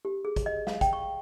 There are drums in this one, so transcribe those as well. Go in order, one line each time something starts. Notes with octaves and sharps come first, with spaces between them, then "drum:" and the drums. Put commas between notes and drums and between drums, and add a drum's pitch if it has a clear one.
G4
G#4
drum: kick, hi-hat
D#5
F5, drum: snare
G5, drum: kick, hi-hat
C#6